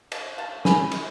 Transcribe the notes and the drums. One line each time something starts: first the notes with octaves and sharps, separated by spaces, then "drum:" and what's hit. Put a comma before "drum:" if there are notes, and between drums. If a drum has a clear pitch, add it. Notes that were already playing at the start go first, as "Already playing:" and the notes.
B2 F5 A5, drum: cymbal
F5 A5
A3
G#5 B5, drum: snare
D3, drum: cymbal